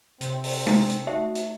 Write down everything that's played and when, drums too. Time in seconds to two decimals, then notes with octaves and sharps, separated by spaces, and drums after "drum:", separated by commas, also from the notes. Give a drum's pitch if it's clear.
0.21 C3 C4, drum: hi-hat
0.44 drum: open hi-hat
0.66 drum: tom
0.89 drum: hi-hat
1.07 A3 D#4 F#4 E5
1.35 drum: hi-hat